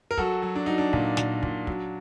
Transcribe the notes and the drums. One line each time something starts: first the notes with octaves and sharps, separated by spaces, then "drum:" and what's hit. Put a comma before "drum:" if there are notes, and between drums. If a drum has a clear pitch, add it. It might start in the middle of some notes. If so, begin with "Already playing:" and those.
A#4
F#3 F#4 A4, drum: kick
F#3
D4
F#3 D#4
D4
A#2, drum: kick
A#2, drum: snare
A#2, drum: kick
F#3, drum: kick